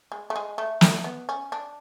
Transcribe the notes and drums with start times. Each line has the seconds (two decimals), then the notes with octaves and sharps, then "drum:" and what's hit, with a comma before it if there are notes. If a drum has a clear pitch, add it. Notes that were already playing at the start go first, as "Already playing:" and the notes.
0.12 G#3
0.30 A3
0.36 G#3
0.58 A3
0.81 A3, drum: snare
1.04 B3
1.29 C#4
1.52 D4